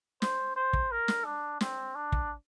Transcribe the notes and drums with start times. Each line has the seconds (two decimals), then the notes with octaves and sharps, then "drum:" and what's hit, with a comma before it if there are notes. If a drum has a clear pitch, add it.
0.22 C5, drum: snare
0.56 C5
0.73 drum: kick
0.91 A#4
1.08 drum: snare
1.25 D4
1.61 C4, drum: snare
1.95 D4
2.12 drum: kick